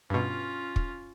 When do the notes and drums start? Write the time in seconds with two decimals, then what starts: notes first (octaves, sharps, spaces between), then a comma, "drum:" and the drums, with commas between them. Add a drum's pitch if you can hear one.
0.10 G2 B2 C#4 F4
0.76 drum: kick